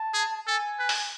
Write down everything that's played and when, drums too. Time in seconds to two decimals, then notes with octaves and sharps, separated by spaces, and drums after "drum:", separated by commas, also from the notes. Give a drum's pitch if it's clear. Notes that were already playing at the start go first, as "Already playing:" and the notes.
Already playing: A5
0.14 G#4
0.47 A4 G#5
0.79 B4
0.89 drum: open hi-hat